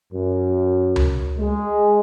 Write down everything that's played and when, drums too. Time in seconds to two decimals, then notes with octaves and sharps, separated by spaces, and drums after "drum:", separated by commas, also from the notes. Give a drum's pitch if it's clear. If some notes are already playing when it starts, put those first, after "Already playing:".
0.13 F#2
0.96 drum: tom C#2
1.39 G#3